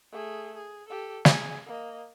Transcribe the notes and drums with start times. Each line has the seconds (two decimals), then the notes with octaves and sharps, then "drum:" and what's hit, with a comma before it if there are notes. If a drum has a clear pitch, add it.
0.12 A3 G#4
0.55 G#4
0.88 G4 A4
1.25 G#4 G#5, drum: snare
1.66 A#3 D#5